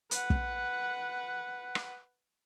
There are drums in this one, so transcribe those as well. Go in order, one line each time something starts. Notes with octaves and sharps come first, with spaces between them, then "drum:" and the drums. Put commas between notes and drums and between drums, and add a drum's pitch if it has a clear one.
B4 F#5, drum: hi-hat
drum: kick
drum: rim click